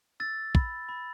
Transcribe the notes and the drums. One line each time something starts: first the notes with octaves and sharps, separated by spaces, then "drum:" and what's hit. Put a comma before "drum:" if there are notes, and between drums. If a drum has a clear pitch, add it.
E6 A6
B5, drum: kick
B5